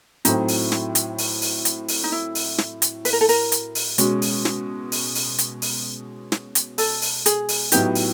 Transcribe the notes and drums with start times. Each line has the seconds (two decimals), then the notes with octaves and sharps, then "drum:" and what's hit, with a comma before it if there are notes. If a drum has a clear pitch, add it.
0.25 A2 F#3 A3 C4 D#4, drum: hi-hat
0.48 drum: open hi-hat
0.72 drum: snare
0.95 drum: hi-hat
1.18 drum: open hi-hat
1.42 drum: open hi-hat
1.65 drum: hi-hat
1.88 drum: open hi-hat
2.04 D#4
2.12 E4
2.35 drum: open hi-hat
2.58 drum: snare
2.82 drum: hi-hat
3.05 B4, drum: open hi-hat
3.13 A#4
3.21 A4
3.29 A#4, drum: open hi-hat
3.52 drum: hi-hat
3.75 drum: open hi-hat
3.98 B2 G#3 C#4, drum: hi-hat
4.22 drum: open hi-hat
4.45 drum: snare
4.92 drum: open hi-hat
5.15 drum: open hi-hat
5.38 drum: hi-hat
5.62 drum: open hi-hat
6.32 drum: snare
6.55 drum: hi-hat
6.78 A4, drum: open hi-hat
7.02 drum: open hi-hat
7.26 G#4, drum: hi-hat
7.49 drum: open hi-hat
7.72 A2 F#3 B3 D#4 G4, drum: hi-hat
7.95 drum: open hi-hat